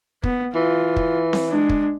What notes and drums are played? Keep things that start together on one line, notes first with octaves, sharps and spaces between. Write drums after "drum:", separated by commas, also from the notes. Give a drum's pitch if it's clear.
B3, drum: kick
E3 F4
drum: kick
drum: snare C4
G#3 D4
drum: kick